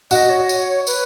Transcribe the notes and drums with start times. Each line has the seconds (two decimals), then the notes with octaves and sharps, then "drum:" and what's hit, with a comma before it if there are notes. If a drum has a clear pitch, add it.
0.11 F#4 D#5, drum: tambourine
0.30 C#5
0.49 drum: tambourine
0.87 B4, drum: tambourine